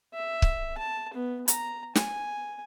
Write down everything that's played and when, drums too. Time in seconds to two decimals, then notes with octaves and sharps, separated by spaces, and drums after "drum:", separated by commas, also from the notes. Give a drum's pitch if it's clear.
0.14 E5
0.42 drum: kick C#1
0.78 A5
1.14 B3
1.48 A#5, drum: hi-hat
1.95 G#5, drum: snare